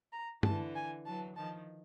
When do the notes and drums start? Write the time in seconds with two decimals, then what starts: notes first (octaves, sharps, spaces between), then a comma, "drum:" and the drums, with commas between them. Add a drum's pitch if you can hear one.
0.13 A#5
0.43 D3 E3 A5, drum: tom G2
0.75 G#5
1.06 E3 F#3 A5
1.36 D#3 F3 A5